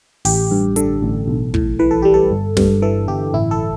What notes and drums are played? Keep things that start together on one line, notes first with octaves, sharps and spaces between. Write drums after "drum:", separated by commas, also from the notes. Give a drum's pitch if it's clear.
A1 G4, drum: open hi-hat
G2
D3 A4, drum: hi-hat
A1
B1
A2, drum: kick
E3 B4
A4
G3 G4
A4
G1
G2, drum: snare
E3 A4
G1 G4
A1 E4
A4